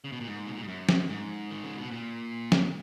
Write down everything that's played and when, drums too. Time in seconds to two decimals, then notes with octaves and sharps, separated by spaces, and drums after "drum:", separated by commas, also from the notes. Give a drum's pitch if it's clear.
0.04 C#3
0.12 B2
0.20 A#2
0.27 G#2
0.47 B2
0.53 A#2
0.61 G#2
0.68 F#2
0.89 drum: snare
1.09 G#2
1.51 D#3
1.64 C#3
1.78 B2
1.91 A#2
2.52 F#2, drum: snare